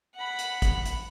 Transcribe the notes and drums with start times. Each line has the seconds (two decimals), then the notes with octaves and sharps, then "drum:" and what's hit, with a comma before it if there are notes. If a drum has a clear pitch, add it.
0.16 F#5 B5
0.39 drum: hi-hat
0.62 drum: kick, hi-hat
0.85 drum: hi-hat